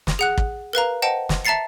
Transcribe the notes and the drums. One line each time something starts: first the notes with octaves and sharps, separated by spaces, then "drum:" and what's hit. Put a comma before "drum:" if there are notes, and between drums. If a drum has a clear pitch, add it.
drum: snare
G#4 F#5 F#6
drum: kick
A#4 B4 F5 A#5
C5 D#5 F#5 G5 A5
drum: snare
E5 A5 A#5 A6 C7 C#7